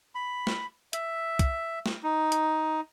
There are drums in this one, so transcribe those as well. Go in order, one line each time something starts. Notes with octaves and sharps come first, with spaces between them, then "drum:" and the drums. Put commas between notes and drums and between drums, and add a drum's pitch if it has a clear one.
B5
drum: snare
E5, drum: hi-hat
drum: kick, hi-hat
drum: snare
D#4
drum: hi-hat